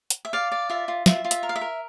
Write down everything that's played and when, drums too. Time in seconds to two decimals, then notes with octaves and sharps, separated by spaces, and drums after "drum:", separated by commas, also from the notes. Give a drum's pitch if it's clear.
0.10 drum: hi-hat
0.25 E5
0.33 D5 F5
0.52 D5
0.70 F4 E5
0.88 F4
1.06 F4 E5, drum: snare
1.25 F4
1.31 E5, drum: hi-hat
1.43 A#4
1.49 F5
1.56 E5
1.61 A#4